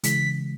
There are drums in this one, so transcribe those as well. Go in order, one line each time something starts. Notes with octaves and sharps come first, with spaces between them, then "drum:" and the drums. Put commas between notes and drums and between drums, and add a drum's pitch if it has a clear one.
C#3 E3 G#3 B6, drum: hi-hat